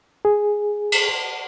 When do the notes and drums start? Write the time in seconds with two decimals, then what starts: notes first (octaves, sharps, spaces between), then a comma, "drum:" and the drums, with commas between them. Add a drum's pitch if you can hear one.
0.25 G#4
0.92 drum: cymbal